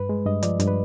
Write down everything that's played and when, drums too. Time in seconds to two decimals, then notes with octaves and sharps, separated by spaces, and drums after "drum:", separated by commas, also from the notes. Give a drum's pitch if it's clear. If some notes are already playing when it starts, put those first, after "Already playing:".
Already playing: G2 B4
0.09 G#3
0.26 G2 D#5
0.43 F3 D5, drum: hi-hat
0.60 G2, drum: hi-hat
0.68 B4